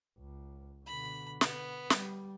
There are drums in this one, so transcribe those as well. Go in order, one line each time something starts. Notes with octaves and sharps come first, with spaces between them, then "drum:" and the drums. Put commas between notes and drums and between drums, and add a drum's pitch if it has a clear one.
C#2
B2 D3 B5
B3, drum: snare
G3, drum: snare